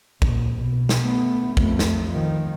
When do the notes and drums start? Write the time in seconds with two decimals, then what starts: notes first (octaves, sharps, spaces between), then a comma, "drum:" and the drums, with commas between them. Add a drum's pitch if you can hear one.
0.22 A#1, drum: kick
0.60 B2
0.89 drum: snare
1.02 A3 B3
1.57 F2 A3, drum: kick
1.79 drum: snare
2.07 D#3 F3